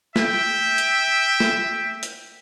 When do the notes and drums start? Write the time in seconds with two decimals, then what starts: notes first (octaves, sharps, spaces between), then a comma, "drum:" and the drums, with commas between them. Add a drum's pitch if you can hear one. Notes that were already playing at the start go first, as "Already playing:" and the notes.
0.16 E5 G5, drum: snare
0.78 drum: hi-hat
1.40 drum: snare
2.03 drum: hi-hat